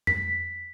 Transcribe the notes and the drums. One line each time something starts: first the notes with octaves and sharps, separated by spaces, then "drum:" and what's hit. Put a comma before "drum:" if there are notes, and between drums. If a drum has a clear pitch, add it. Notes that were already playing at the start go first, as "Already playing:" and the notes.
B6, drum: tom F2